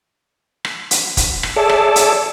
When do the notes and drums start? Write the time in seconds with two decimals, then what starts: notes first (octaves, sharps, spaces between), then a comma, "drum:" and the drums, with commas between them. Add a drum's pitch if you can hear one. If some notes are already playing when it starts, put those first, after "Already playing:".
0.65 drum: rim click
0.91 drum: hi-hat
1.17 drum: kick, hi-hat
1.43 drum: rim click
1.56 G#4 A4 C#5 D5 E5 A5
1.69 drum: rim click
1.96 drum: hi-hat